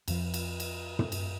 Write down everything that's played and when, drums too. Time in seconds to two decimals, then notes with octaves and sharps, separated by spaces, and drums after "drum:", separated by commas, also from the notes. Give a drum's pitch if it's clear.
0.08 F2 F3, drum: cymbal
0.34 drum: cymbal
0.60 drum: cymbal
0.99 drum: tom
1.12 drum: cymbal